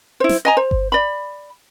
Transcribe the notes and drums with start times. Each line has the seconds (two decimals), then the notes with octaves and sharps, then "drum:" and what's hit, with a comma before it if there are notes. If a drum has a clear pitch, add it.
0.20 E4 C5
0.29 drum: snare
0.45 D#5 G#5 A#5
0.57 C5
0.71 drum: kick G1
0.92 D5 B5